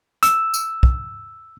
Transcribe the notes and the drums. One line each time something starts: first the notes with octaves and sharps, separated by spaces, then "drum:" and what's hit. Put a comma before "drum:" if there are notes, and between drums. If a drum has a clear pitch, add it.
E6, drum: hi-hat
drum: tambourine
drum: kick